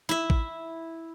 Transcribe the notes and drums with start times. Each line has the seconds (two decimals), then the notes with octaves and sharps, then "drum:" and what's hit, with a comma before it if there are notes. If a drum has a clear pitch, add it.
0.09 E4 E5
0.30 drum: kick A1